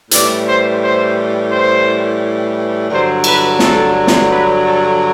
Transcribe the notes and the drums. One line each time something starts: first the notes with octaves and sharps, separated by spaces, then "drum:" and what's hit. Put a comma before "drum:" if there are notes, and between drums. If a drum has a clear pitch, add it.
A2 E3 G3 D5, drum: hi-hat
C5
C5
C5
G2 D3 F#3 C5
B4, drum: cymbal
A4, drum: snare
drum: snare
B4
A4